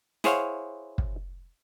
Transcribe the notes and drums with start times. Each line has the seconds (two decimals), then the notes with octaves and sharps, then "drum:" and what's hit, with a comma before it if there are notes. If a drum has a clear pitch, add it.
0.24 E4 G#4 C5 C#5 F5 F#5, drum: snare
0.98 drum: kick